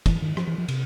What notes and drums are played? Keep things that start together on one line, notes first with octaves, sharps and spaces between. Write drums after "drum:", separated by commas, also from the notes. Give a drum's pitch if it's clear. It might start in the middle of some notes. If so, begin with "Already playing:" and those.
E3, drum: kick, cymbal
D#3
F3, drum: rim click
E3
F3
C3, drum: cymbal